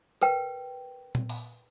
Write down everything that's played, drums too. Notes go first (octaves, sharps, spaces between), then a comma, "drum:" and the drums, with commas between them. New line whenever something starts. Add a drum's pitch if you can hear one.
A#4 B4 G5, drum: hi-hat
drum: tom A#2
drum: open hi-hat